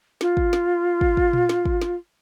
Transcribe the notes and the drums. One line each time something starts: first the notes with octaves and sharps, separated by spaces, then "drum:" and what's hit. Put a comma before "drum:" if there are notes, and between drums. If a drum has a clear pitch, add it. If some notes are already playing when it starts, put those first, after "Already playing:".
F4, drum: snare
drum: kick
drum: snare
drum: kick
drum: kick
drum: tom A#2
drum: snare
drum: kick
drum: snare